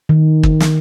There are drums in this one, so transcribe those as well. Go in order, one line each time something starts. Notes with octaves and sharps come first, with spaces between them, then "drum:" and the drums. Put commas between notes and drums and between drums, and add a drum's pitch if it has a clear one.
D#3
drum: kick
drum: snare